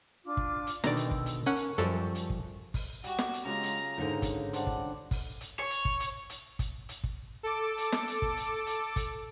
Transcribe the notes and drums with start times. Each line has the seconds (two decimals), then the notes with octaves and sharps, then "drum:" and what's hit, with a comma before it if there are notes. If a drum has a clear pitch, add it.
0.24 D4 F4 D6
0.37 drum: kick
0.67 drum: hi-hat
0.84 B2 D3 D#3 D5 G5 A#5 E6, drum: snare
0.96 drum: hi-hat
1.11 drum: kick
1.26 drum: hi-hat
1.46 C#4 A#4 F#5 A5 C#6
1.56 drum: hi-hat
1.78 F#2 F3 G3 A4
2.15 drum: hi-hat
2.30 drum: kick
2.74 drum: kick, open hi-hat
3.04 G3 F#4 G4, drum: hi-hat
3.19 drum: snare
3.33 drum: hi-hat
3.45 C#3 F#3 G#3 F4 A#5
3.63 drum: hi-hat
3.98 G#2 D3 D#4 A#4
4.22 drum: kick, hi-hat
4.53 G3 D4 C5 F#5, drum: hi-hat
4.67 drum: kick
5.11 drum: kick, open hi-hat
5.41 drum: hi-hat
5.59 C#5
5.70 drum: hi-hat
5.85 drum: kick
6.00 drum: hi-hat
6.30 drum: hi-hat
6.59 drum: kick, hi-hat
6.89 drum: hi-hat
7.04 drum: kick
7.43 A4 D6
7.78 drum: hi-hat
7.92 drum: snare
8.07 drum: hi-hat
8.22 drum: kick
8.37 drum: hi-hat
8.66 drum: hi-hat
8.96 drum: kick, hi-hat